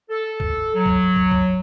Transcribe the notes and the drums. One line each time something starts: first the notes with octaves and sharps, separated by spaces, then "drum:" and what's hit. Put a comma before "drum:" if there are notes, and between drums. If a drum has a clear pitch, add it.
A4
drum: kick
F#3
drum: kick
drum: kick
drum: kick